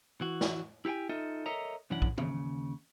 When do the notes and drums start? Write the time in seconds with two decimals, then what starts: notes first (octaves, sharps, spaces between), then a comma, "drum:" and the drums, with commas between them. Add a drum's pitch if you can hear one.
0.21 E3 F#4
0.41 drum: snare
0.85 E4 G4 A4 G5 G#5
1.09 D#4 F4 A4 D#5 E5
1.46 A4 A#4 C#5 D#5 E5 A#5
1.90 C2 F#2 E3 C#4 D4 F#5
2.02 drum: kick
2.18 D#2 C#3, drum: tom